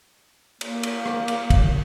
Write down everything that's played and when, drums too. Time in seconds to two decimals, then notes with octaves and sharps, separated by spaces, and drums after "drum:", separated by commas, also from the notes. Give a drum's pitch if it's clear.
0.61 A#3, drum: cymbal
0.83 drum: cymbal
1.06 drum: rim click
1.28 drum: cymbal
1.50 drum: kick, cymbal